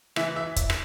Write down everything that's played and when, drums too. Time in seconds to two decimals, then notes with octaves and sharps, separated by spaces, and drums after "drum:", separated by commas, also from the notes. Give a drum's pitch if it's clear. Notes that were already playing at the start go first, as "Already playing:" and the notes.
0.16 E3 E5, drum: rim click
0.36 E5
0.56 drum: kick, hi-hat
0.70 drum: rim click